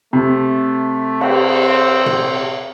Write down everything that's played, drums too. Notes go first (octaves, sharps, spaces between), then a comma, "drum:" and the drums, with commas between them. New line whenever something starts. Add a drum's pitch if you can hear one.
C3 A3
C4, drum: cymbal
drum: tom